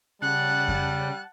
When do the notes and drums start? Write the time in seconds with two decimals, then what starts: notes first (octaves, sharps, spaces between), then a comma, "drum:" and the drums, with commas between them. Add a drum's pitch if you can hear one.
0.22 C#3 G3 F#5 A5 F#6
0.68 drum: kick F2